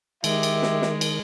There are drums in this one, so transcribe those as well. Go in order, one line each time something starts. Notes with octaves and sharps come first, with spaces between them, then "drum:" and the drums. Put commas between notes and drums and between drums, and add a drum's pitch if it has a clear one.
D#3 G#3 G4 E5, drum: cymbal
drum: cymbal
drum: snare
drum: snare
drum: cymbal